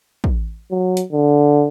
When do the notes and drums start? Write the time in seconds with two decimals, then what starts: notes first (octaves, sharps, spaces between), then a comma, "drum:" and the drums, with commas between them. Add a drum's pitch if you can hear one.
0.24 drum: kick
0.71 F#3
0.97 drum: hi-hat
1.12 D3